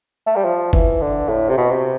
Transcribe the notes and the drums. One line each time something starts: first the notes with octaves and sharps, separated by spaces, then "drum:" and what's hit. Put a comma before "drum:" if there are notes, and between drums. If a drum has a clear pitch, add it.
A3
G3
F3
E3, drum: kick F#1
D3
A2
C3
B2
C3